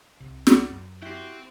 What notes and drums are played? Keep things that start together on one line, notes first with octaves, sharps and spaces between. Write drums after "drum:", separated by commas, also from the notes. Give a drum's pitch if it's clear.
C2 C3
drum: snare
F#2
E4 F#4 G4 C5 G5